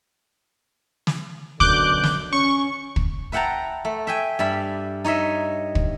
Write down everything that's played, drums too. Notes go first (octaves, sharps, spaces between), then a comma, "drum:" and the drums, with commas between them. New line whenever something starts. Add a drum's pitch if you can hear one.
drum: snare
F#2 B2 D3 D6 F#6 G6, drum: kick
drum: snare
C#4 C#6
drum: kick
B4 E5 F#5 G5 A5 A#5
A3
E5 G5 G#5
G2 D5 E5 B5
D#4 C#5 D#5 E5
drum: kick